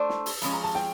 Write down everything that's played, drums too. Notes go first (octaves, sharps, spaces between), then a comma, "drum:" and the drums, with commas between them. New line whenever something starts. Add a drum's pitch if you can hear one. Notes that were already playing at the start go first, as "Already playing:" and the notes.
Already playing: A3 D4 C5 E6
drum: snare
drum: open hi-hat
F3 G#3 C#4 B5, drum: hi-hat
A#5
A5
G5, drum: snare